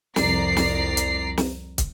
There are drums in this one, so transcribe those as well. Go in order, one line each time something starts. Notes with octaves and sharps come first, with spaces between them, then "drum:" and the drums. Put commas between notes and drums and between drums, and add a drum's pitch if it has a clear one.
C2 F2 D5 A#5 C7, drum: snare
drum: snare
drum: hi-hat
drum: snare
drum: kick, hi-hat